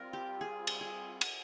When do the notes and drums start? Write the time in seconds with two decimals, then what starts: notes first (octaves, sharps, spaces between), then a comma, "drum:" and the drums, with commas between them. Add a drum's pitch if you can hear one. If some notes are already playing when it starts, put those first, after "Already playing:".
Already playing: G3 C4 F4 A#4
0.13 G4
0.41 G#4
0.67 drum: cymbal
0.81 G#4
1.21 drum: cymbal